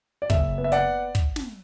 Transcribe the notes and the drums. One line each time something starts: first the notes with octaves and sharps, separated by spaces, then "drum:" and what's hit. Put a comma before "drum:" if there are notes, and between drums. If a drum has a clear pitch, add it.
D5
F#1 E5, drum: kick, hi-hat
B3
E5
D5 F#5, drum: hi-hat
drum: kick, hi-hat
drum: snare